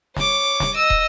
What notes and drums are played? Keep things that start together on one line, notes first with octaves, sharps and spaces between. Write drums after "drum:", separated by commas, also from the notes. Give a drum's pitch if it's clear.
C#5 D6, drum: snare
drum: snare
D#5 E6
drum: kick